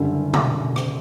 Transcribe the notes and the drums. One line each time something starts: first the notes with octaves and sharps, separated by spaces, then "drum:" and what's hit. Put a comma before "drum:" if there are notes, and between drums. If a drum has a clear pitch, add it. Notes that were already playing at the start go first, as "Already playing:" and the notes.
Already playing: F#1 F#2 D3 G3
drum: tom B2
drum: rim click